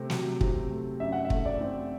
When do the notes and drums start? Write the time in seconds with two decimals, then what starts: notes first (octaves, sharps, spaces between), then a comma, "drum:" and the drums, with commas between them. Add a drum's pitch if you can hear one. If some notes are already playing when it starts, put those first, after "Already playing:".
Already playing: C3 A3 C4
0.10 F#3, drum: snare
0.41 C3, drum: kick
0.70 A3
1.00 F#2 E5
1.12 F#5
1.25 E5
1.30 A3, drum: kick
1.46 D5
1.61 C4